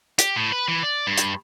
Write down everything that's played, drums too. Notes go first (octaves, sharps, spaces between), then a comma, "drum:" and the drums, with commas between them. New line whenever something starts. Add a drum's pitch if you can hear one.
G4, drum: hi-hat
A2
B4
E3
D5
G2
drum: hi-hat